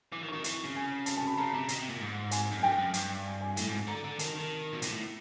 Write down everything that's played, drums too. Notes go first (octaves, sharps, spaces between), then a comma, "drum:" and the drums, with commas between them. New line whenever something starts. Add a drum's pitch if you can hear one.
E3 D6
D#3
C#6
D#3
E3, drum: hi-hat
C#3
G#5
A5, drum: hi-hat
A5
B5
C#3 A#5
C3
B2, drum: hi-hat
C3
A#2
G#2
G#5, drum: hi-hat
F#2
G2 G5
F#2
G2, drum: hi-hat
G#5
G#5
A2, drum: hi-hat
G#2
D3 A#5
D3
D#3 A5, drum: hi-hat
D#3
B2
A#2, drum: hi-hat
A2